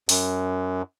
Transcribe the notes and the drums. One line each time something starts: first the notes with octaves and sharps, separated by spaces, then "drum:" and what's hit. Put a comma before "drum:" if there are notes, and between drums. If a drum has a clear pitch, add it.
F#2, drum: open hi-hat